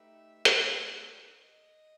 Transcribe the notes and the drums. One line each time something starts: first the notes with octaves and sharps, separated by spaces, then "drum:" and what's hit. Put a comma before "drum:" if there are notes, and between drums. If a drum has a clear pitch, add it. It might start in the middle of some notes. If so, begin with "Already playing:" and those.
Already playing: A3 D#4 G4 B4 E5
drum: hi-hat
D#5